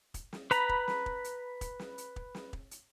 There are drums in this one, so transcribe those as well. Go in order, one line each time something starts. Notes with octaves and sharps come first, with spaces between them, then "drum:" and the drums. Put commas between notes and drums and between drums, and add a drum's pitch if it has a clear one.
drum: kick, hi-hat
drum: snare
B4 A#5 B5, drum: hi-hat
drum: kick
drum: snare
drum: kick
drum: hi-hat
drum: kick, hi-hat
drum: snare
drum: hi-hat
drum: kick
drum: snare
drum: kick
drum: hi-hat